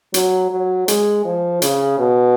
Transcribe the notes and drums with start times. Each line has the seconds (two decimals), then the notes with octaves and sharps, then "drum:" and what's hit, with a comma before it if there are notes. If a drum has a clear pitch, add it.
0.14 F#3, drum: hi-hat
0.51 F#3
0.88 G#3, drum: hi-hat
1.25 F3
1.62 C#3, drum: hi-hat
1.99 B2